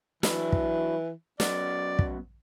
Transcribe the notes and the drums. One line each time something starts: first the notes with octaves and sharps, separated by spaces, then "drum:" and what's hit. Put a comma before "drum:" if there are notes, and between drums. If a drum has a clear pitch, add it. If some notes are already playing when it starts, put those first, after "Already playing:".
E3 F#3 D4 E4, drum: snare
drum: kick
F#2 F#3 B3 D5, drum: snare
drum: kick